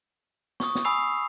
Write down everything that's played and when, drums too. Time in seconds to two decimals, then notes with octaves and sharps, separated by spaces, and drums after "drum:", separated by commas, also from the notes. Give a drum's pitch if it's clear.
0.60 C#6 D#6, drum: snare
0.75 drum: snare
0.85 G#5 B5 D#6 E6 C7 F7